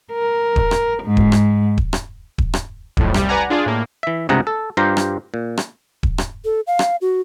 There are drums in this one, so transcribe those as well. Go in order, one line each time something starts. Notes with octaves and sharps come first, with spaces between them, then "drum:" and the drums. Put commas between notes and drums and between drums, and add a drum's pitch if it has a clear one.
A#4
drum: kick D#1
drum: rim click
G#2
drum: kick D#1
drum: rim click
drum: kick D#1
drum: rim click
drum: kick D#1
drum: rim click
B1 F2 A2, drum: kick D#1
C2 G3, drum: rim click
B4 D5 F#5 G#5 A#5
D4 F4 G#4 D5
A2 A#3
E3 E5
C#2 G2 C3 G#4 F#5 A#5
A4
G2 F4 G4 C5 G5 A#5
drum: rim click
A#2
drum: rim click
drum: kick D#1
drum: rim click
A4
F5
drum: rim click
F#4